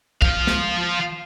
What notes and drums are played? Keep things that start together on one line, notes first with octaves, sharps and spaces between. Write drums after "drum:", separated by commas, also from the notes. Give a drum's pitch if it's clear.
F3 F5, drum: kick B1
drum: snare